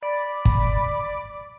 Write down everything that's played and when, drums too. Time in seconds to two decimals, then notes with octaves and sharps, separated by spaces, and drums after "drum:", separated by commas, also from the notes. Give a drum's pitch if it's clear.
0.02 D5 B5
0.45 drum: kick